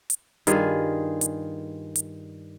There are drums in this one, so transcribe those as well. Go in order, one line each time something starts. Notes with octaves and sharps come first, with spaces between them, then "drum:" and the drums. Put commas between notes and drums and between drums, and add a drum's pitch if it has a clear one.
drum: hi-hat
G2 D#3 F4 G#4, drum: hi-hat
drum: hi-hat
drum: hi-hat